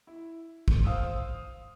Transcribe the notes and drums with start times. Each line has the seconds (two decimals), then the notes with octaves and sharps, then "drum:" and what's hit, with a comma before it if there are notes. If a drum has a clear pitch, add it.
0.07 E4
0.68 drum: kick
0.85 C5 F5 D#6 E6